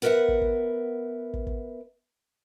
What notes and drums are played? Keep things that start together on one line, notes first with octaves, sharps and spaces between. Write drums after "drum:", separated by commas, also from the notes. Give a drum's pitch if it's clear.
B3 A#4 B4 D#5 E5 F#5
drum: kick
drum: kick
drum: kick
drum: kick